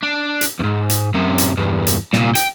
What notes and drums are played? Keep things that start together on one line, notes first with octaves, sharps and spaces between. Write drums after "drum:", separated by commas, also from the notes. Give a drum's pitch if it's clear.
D4
drum: hi-hat
E2 G#2
drum: hi-hat
F#2 C3
drum: hi-hat
E2 G2
drum: hi-hat
C2 A#2, drum: snare
G5, drum: hi-hat